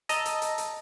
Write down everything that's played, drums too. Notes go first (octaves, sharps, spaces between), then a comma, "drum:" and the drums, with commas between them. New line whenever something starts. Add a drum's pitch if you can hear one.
D#5 A5 A#5 E6, drum: hi-hat
drum: hi-hat
drum: hi-hat
drum: hi-hat